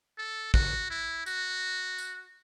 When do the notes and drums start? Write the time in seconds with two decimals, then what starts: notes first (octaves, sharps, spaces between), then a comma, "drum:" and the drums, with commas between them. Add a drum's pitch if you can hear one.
0.18 A4
0.54 F#4, drum: kick
0.90 E4
1.26 F#4, drum: tambourine
1.98 drum: tambourine